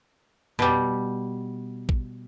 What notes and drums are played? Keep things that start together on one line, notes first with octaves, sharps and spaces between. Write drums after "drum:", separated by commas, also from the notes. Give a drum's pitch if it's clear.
B2 G3, drum: tom F2
drum: kick